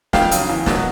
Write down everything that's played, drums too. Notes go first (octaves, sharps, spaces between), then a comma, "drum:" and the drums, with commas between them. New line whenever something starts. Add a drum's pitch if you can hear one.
F2 F5 G5, drum: snare
C#3 F#3, drum: hi-hat
E2
B2 F#3, drum: snare